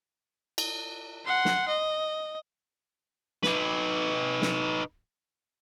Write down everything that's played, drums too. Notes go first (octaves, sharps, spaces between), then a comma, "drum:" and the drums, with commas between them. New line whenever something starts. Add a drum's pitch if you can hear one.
drum: cymbal
F#5 C6
drum: snare
D#5
D#4 B4, drum: snare
drum: snare